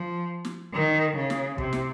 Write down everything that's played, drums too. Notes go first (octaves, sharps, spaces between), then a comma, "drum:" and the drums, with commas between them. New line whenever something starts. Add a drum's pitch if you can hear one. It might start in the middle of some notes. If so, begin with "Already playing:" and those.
Already playing: F3
drum: snare
D#3
C#3
drum: snare
C3, drum: kick
drum: snare